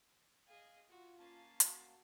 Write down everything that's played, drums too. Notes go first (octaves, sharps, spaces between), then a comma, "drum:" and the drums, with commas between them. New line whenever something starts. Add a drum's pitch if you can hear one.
G#4 D#5 F5
F4 F#4
A#3 C#4 F5 A5
F#4, drum: hi-hat